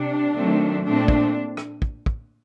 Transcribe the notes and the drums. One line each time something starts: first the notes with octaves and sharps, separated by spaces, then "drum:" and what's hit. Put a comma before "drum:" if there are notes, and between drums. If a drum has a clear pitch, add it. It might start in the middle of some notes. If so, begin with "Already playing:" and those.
Already playing: C3 D4
D#3 F#3 A3 C4
A#2 A3 C4 D4
drum: kick
drum: rim click
drum: kick
drum: kick